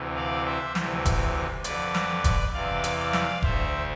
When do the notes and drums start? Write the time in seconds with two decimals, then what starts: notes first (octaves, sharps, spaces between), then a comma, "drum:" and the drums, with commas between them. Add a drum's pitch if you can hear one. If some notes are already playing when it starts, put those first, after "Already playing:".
Already playing: D2 C3 E3
0.16 D5 F5
0.46 C5 E5
0.75 D2 C3 E3, drum: snare
1.05 drum: kick E1, hi-hat
1.64 F2 D3 B4 D5, drum: hi-hat
1.95 drum: snare
2.24 drum: kick E1, hi-hat
2.54 E2 C3 E3 D5 F5
2.84 drum: hi-hat
2.98 D5 F5
3.13 drum: snare
3.42 D2 D3 C5 E5, drum: kick E1